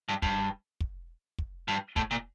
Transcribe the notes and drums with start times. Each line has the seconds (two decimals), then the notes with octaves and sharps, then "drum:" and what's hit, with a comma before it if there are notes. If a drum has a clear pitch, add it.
0.09 G2
0.22 G2, drum: kick
0.80 drum: kick
1.38 drum: kick
1.68 G2
1.96 A2, drum: kick
2.11 A#2